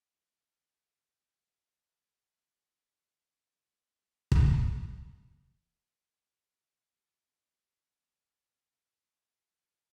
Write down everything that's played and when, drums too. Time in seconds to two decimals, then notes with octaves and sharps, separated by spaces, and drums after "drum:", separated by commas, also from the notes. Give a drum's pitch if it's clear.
0.15 B4
0.43 A#4
0.71 G4
1.47 F#4
2.89 B2 G#5 C6 D6
4.32 drum: kick
6.09 E5 A5 B5
6.91 A2 G3 G4
7.50 F3 F#3 G#3 E4 F4 G4
7.68 D2 A#3 D#4 C6 C#6 F#6
7.80 G#3 A3
8.32 C#4 F5 A5
8.98 C#6
9.35 F#3 F#6
9.51 F4